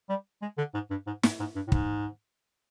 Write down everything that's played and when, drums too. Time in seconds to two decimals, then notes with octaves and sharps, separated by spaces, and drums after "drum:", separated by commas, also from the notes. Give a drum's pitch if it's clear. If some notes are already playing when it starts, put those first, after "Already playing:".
0.09 G3
0.42 G#3
0.58 D3
0.74 G#2
0.90 G2
1.07 G#2
1.23 G#2, drum: snare
1.40 G#2
1.55 G2
1.67 A2
1.72 G#2, drum: kick